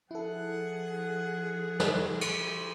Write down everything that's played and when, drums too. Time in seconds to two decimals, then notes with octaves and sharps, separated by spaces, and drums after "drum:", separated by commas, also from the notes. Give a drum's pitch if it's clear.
0.11 F3 E4 G#4 A4 F#5
1.80 drum: snare
2.21 drum: cymbal